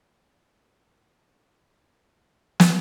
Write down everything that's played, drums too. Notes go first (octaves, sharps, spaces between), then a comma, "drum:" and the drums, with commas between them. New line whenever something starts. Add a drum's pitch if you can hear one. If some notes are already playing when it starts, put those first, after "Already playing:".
E2 A2
drum: snare